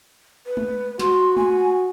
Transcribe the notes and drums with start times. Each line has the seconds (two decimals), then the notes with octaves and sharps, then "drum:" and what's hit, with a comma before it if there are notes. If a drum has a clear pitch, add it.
0.47 B4
0.57 drum: tom G#3
0.99 F#4 C6, drum: snare
1.37 G#5, drum: tom G#3